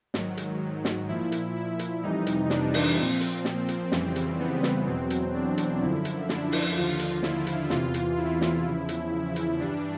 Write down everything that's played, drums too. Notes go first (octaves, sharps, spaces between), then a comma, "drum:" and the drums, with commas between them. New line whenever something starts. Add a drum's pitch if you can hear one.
G#2 D#3 F#3, drum: snare
drum: hi-hat
drum: snare
A#2 F3 E4
drum: hi-hat
E4
drum: hi-hat
F2 C3 E3 G3 D#4
drum: hi-hat
D4, drum: snare
drum: open hi-hat
A#2 F3 C4
drum: hi-hat
drum: snare
drum: hi-hat
F2 C#3 E3 G3, drum: snare
drum: hi-hat
B3
drum: snare
E2 B2 F#3 C4
drum: hi-hat
D4
drum: hi-hat
F#2 D3 F3 E4
drum: hi-hat
D4, drum: snare
drum: open hi-hat
D#2 D3 F3 F4
drum: hi-hat
E4, drum: snare
drum: hi-hat
E2 C3 E3 F4, drum: snare
drum: hi-hat
E4
drum: snare
E2 C#3 F3
drum: hi-hat
drum: hi-hat
G2 E3 G3 D4